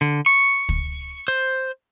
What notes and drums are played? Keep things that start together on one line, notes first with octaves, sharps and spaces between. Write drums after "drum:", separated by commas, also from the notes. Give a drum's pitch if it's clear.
D3
C#6
drum: kick
C5